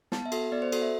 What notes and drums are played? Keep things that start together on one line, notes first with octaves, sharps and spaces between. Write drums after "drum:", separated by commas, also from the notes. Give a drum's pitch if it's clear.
B3 A5, drum: snare
E5
F#4 A4, drum: cymbal
B3 D5
C5
F#4 A4, drum: cymbal
E5